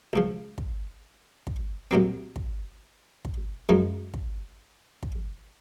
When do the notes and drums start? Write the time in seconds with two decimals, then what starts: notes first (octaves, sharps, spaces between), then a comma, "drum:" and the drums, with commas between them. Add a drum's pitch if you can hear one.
0.13 C#2 C#3 F3
0.58 drum: kick
1.47 drum: kick
1.91 C2 A#2 F#3 C4
2.36 drum: kick
3.25 drum: kick
3.69 F#2 F3 G#3 D#4
4.14 drum: kick
5.03 drum: kick